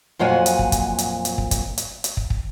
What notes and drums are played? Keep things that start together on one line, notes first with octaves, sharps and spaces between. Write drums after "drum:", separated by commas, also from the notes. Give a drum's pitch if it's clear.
F2 A#2 F#3 F#5 G#5
drum: hi-hat
drum: kick
drum: kick, hi-hat
drum: hi-hat
drum: hi-hat
drum: kick
drum: kick, hi-hat
drum: hi-hat
drum: hi-hat
drum: kick
drum: kick